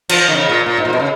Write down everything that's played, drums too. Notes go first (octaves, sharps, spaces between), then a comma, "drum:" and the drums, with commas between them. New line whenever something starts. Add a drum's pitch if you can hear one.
F3, drum: cymbal
D#3
C#3
A#2
A#2
G#2
A#2
B2
C#3